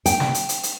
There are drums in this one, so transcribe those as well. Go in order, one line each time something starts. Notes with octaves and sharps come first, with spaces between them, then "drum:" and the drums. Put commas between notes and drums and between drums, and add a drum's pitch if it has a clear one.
G5, drum: hi-hat
drum: snare
drum: hi-hat
drum: hi-hat
drum: hi-hat